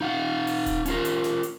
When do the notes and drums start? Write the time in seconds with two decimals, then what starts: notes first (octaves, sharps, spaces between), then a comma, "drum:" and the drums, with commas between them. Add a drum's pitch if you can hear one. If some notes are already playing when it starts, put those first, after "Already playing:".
0.01 D#4 F5 F#5
0.47 drum: open hi-hat
0.66 drum: kick D1, hi-hat
0.86 C#4 F4 A#4, drum: hi-hat
1.05 drum: hi-hat
1.24 drum: snare
1.43 drum: hi-hat